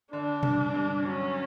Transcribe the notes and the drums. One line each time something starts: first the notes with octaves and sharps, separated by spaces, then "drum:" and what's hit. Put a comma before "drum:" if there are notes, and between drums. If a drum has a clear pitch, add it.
D3 D4
G2, drum: tom B2
G2
F#3 C#4